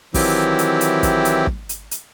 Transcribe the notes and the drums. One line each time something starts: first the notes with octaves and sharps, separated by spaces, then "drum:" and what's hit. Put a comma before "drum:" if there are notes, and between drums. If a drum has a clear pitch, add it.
D#3 E3 F#3 C4 E4 G4, drum: kick, open hi-hat
drum: hi-hat
drum: hi-hat
drum: kick, hi-hat
drum: hi-hat
drum: kick
drum: hi-hat
drum: hi-hat